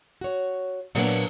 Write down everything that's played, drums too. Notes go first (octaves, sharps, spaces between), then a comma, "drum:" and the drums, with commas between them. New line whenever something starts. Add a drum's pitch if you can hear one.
F#4 C#5
A#2 F#3 G3 A#3 B3 D4, drum: open hi-hat